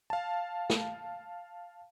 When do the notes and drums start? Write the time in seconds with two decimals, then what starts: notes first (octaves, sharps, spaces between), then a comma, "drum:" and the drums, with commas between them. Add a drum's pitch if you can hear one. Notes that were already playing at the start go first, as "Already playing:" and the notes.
0.10 F5 A5
0.70 drum: snare